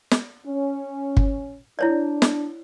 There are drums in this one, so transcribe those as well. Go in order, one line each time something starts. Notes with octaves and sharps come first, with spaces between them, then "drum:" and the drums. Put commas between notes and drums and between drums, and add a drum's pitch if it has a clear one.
drum: snare
C#4
drum: kick G1
D4 E4 C#5 D5
drum: snare